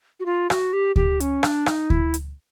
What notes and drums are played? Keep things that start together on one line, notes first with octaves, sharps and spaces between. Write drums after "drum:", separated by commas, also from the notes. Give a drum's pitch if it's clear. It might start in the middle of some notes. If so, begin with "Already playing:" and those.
F#4
F4
F#4, drum: rim click
G4
G4, drum: kick D2
C#4, drum: hi-hat
D4, drum: rim click
D#4, drum: rim click
E4, drum: kick D2
drum: hi-hat